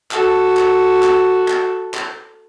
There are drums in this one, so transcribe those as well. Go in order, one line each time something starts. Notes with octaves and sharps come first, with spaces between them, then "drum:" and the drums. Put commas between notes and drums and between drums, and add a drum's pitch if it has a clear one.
F#4 A4, drum: clap
drum: clap
drum: clap
drum: clap
drum: clap